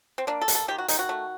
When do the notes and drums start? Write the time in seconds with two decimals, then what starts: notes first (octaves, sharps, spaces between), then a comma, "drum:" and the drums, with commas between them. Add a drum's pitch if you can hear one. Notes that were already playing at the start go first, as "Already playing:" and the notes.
0.18 C4
0.27 A#3 D4
0.41 A4
0.48 A#3, drum: hi-hat
0.55 A4
0.68 D#3 G4
0.78 F#4
0.88 D#3 D#4, drum: hi-hat
0.99 F#4
1.09 A3